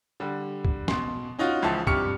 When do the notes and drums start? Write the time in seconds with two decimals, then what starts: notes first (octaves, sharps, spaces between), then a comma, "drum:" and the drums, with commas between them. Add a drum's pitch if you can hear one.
0.20 D3 G3
0.65 drum: kick C2
0.88 B2 C6, drum: snare
1.39 C#4 D#4 F4 F#4
1.62 C#2 E3 F3 E5 A5
1.87 G2 C3 G4 C#6 F6 C#7, drum: kick C2